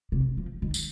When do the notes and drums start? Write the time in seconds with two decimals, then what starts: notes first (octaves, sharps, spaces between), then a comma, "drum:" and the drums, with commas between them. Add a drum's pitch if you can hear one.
0.12 C3
0.37 F3
0.62 D#3
0.74 drum: tambourine